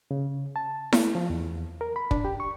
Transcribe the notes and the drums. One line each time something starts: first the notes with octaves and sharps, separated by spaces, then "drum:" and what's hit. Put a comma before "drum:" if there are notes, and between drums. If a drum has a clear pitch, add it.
C#3
A5
A3, drum: snare E4
F3
E2
A#4
B5
D4, drum: kick
G4
C#6